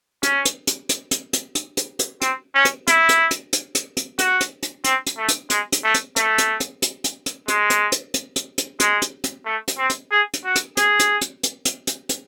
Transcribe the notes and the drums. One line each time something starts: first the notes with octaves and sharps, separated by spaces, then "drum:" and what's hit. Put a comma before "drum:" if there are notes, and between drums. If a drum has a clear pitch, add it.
C#4, drum: hi-hat
drum: hi-hat
drum: hi-hat
drum: hi-hat
drum: hi-hat
drum: hi-hat
drum: hi-hat
drum: hi-hat
drum: hi-hat
C4, drum: hi-hat
C#4
drum: hi-hat
E4, drum: hi-hat
drum: hi-hat
drum: hi-hat
drum: hi-hat
drum: hi-hat
drum: hi-hat
F#4, drum: hi-hat
drum: hi-hat
drum: hi-hat
C4, drum: hi-hat
drum: hi-hat
A3
drum: hi-hat
G#3, drum: hi-hat
drum: hi-hat
A3
drum: hi-hat
A3, drum: hi-hat
drum: hi-hat
drum: hi-hat
drum: hi-hat
drum: hi-hat
drum: hi-hat
G#3, drum: hi-hat
drum: hi-hat
drum: hi-hat
drum: hi-hat
drum: hi-hat
drum: hi-hat
G#3, drum: hi-hat
drum: hi-hat
drum: hi-hat
A3
drum: hi-hat
C4
drum: hi-hat
G#4
drum: hi-hat
F#4
drum: hi-hat
G#4, drum: hi-hat
drum: hi-hat
drum: hi-hat
drum: hi-hat
drum: hi-hat
drum: hi-hat
drum: hi-hat